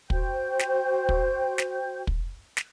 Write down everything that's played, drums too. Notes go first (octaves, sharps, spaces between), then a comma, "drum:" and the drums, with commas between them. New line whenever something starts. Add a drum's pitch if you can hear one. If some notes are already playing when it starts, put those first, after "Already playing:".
F#4 C5 G5 G6, drum: kick
drum: snare
drum: kick
drum: snare
drum: kick
drum: snare